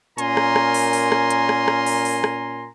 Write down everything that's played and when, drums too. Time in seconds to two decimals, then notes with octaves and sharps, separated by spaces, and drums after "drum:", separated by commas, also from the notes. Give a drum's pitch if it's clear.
0.18 A#2 C#4 A#4 G#5 A#5 C6, drum: hi-hat
0.37 drum: rim click
0.56 drum: rim click
0.74 drum: open hi-hat
0.93 drum: open hi-hat
1.12 drum: rim click
1.30 drum: hi-hat
1.49 drum: rim click
1.68 drum: rim click
1.86 drum: open hi-hat
2.05 drum: open hi-hat
2.24 drum: rim click